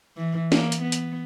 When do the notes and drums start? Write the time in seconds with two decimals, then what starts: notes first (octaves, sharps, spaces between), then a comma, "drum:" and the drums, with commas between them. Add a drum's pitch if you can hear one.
0.16 E3
0.52 A#3, drum: snare
0.72 drum: hi-hat
0.81 B3
0.92 drum: hi-hat